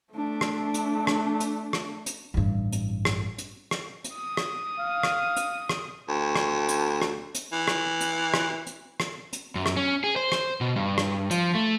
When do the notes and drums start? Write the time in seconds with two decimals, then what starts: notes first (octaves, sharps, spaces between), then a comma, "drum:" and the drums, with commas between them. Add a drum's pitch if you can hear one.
0.13 A3 D4
0.41 drum: rim click
0.74 drum: hi-hat
1.07 drum: rim click
1.40 drum: hi-hat
1.73 drum: rim click
2.06 drum: hi-hat
2.34 A1 G2
2.72 drum: hi-hat
3.05 drum: rim click
3.38 drum: hi-hat
3.71 drum: rim click
4.04 drum: hi-hat
4.15 D#6
4.37 drum: rim click
4.79 F5
5.03 drum: rim click
5.36 drum: hi-hat
5.69 drum: rim click
6.09 D2
6.36 drum: rim click
6.69 drum: hi-hat
7.02 drum: rim click
7.35 drum: hi-hat
7.53 E3
7.68 drum: rim click
8.01 drum: hi-hat
8.34 drum: rim click
8.67 drum: hi-hat
9.00 drum: rim click
9.33 drum: hi-hat
9.55 F#2
9.66 drum: rim click
9.77 C#4
10.04 G#4
10.16 C5
10.32 drum: rim click
10.61 B2
10.76 G2
10.98 drum: rim click
11.31 F3, drum: hi-hat
11.55 A3